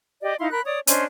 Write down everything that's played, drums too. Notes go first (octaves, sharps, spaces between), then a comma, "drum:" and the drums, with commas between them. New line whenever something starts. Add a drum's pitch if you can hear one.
G4 D5 D#5
D#4 E4 F5 C6
A#4 B5 F#6
C#5 D5 D#6
C#4 D4 C5 D#5, drum: hi-hat